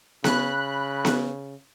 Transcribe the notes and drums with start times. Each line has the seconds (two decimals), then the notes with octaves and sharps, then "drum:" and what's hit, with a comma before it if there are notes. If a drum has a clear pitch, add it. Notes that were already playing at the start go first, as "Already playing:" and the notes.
0.24 C#3 B5 F#6, drum: snare B3
1.05 drum: snare B3